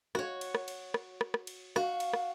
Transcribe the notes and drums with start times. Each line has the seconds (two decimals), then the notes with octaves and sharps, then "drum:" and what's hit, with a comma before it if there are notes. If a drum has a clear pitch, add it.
0.15 F#4 C#5, drum: rim click
0.41 drum: cymbal
0.55 drum: rim click
0.68 drum: cymbal
0.94 drum: rim click
1.21 drum: rim click
1.34 drum: rim click
1.47 drum: cymbal
1.76 F#4 F5, drum: rim click
2.00 drum: cymbal
2.13 drum: rim click